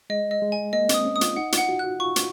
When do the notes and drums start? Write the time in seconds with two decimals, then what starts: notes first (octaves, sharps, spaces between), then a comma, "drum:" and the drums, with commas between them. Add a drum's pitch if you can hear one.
0.10 G#3 D#5
0.31 D#5
0.42 G#3
0.52 G#5
0.73 A#3 D#5
0.89 C4, drum: hi-hat
0.94 D#6
1.05 C#4
1.16 D#6
1.21 F4, drum: hi-hat
1.36 D#4 F#5
1.52 F4, drum: hi-hat
1.58 F#5
1.69 F#4
1.79 F#4 F#6
2.00 F4 C#6
2.16 drum: hi-hat